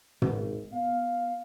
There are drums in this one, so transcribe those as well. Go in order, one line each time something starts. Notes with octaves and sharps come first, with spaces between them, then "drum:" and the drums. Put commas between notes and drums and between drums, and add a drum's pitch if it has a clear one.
G#1, drum: tom
B3 F5